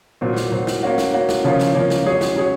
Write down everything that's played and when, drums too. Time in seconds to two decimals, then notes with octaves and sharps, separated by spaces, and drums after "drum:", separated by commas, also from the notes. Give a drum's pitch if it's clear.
0.21 A#2 F#3 C4
0.36 drum: snare
0.51 A#2 F#3 C4
0.67 drum: snare
0.83 A#3 C#4 F#4
0.98 drum: snare
1.14 A#3 C#4 F#4
1.29 drum: snare
1.44 C#3 F3 A#3 C#4 F4
1.60 drum: snare
1.74 C#3 F3 A#3 C#4 F4
1.90 drum: snare
2.05 F#3 C#4 G#4 C#5
2.21 drum: snare
2.36 F#3 C#4 G#4 C#5